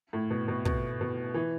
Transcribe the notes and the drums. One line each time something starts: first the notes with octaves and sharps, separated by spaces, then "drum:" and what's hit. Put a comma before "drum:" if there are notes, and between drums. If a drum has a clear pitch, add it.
A2
B2
B2
B2, drum: kick
B2
E3